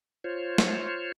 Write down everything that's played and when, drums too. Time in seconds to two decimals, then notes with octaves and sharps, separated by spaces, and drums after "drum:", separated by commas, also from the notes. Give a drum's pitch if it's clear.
0.24 F4 C5 C#5
0.58 drum: snare